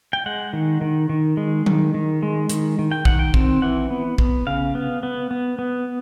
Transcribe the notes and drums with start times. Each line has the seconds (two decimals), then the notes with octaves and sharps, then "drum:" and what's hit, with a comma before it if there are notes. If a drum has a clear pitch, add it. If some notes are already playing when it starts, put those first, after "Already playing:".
0.13 G5
0.26 G#3 F#5
0.53 D#3
0.81 D#3
1.10 D#3
1.37 G#3
1.66 D#3, drum: tom F#3
1.94 D#3
2.22 G#3
2.49 D#3, drum: hi-hat
2.79 D#3
2.91 G5
3.05 D#3 F#5, drum: kick A#1
3.19 G5
3.34 C4, drum: kick A#1
3.62 E3 F#5
3.91 B3
4.18 B3, drum: kick A#1
4.47 C#3 F5
4.75 B3
5.03 B3
5.31 B3
5.59 B3